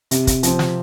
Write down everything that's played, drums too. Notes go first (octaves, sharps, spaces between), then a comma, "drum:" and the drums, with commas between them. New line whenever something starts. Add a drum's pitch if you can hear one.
C3, drum: hi-hat
drum: kick, hi-hat
F3 C4, drum: hi-hat
drum: snare